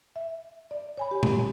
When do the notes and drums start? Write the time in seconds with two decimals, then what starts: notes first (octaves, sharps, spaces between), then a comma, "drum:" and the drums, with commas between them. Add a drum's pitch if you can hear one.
0.16 E5
0.71 D5
0.97 C#5 G#5 B5
1.11 G4
1.23 drum: tom A#2